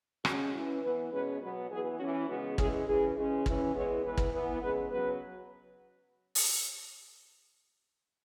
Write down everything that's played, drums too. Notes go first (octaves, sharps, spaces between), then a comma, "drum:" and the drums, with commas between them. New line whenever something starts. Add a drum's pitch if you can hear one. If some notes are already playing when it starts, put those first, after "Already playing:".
C#3 G#3 C#4 F#4, drum: rim click
E3 C#4
E3 B3 B4
B2 G#3 C#4 B4
B2 F#3 B3 B4
E3 B3 G#4
E3 C#4 F#4
C#3 G#3 B3 F#4
E3 G#3 C#4 G#4, drum: kick
C#3 E3 C#4 G#4
C#3 E3 G#3 C#4
E3 C#4, drum: kick
E3 G#3 B3 C#5
E3 B3 B4
drum: kick
E3 B3
C#3 G#3 B3 B4
C#3 F#3 B3 B4
drum: open hi-hat